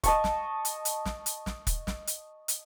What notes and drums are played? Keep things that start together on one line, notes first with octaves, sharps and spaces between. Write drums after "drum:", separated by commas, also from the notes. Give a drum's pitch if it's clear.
D#5 A5 C#6, drum: kick, hi-hat
drum: snare
drum: hi-hat
drum: hi-hat
drum: snare
drum: hi-hat
drum: snare
drum: kick, hi-hat
drum: snare
drum: hi-hat
drum: hi-hat